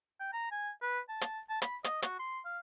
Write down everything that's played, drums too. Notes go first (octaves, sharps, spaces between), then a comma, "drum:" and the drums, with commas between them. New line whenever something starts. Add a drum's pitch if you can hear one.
G5
A#5
G#5
B4
A5
drum: hi-hat
A5
B5, drum: hi-hat
D#5, drum: hi-hat
F#4, drum: hi-hat
C6
F5